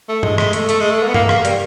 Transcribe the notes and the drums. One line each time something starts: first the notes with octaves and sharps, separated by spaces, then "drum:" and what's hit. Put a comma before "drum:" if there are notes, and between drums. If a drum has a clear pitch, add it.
A3
G#3, drum: tom G2
G#3, drum: rim click
A3, drum: hi-hat
A3, drum: hi-hat
G#3
A3
A#3
B3
A#3, drum: tom G2
A#3, drum: rim click
G3, drum: hi-hat